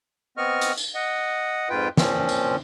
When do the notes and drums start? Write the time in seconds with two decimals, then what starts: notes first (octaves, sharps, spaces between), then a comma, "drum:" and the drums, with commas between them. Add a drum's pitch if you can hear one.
0.37 B3 C4 D#5 C#6 F6
0.61 drum: hi-hat
0.77 drum: tambourine
0.95 D#5 F#5
1.70 F2 G#2 F4 B4 G5
1.97 A#2 F3 C4 C#4, drum: snare
2.29 drum: tambourine